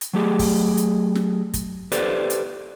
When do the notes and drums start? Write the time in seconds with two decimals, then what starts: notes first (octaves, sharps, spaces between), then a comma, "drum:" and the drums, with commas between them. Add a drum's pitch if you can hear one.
0.01 drum: hi-hat
0.13 F#3 A3 G4 G#4
0.39 drum: kick, open hi-hat
0.77 drum: hi-hat
1.15 drum: snare
1.54 drum: kick, hi-hat
1.92 G4 A4 B4 C5 D5, drum: hi-hat
2.30 drum: hi-hat